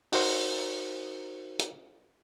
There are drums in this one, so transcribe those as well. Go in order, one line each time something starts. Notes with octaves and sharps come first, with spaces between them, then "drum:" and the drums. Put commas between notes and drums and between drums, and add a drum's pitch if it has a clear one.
D#4 F#4 A#4 C5, drum: open hi-hat
drum: hi-hat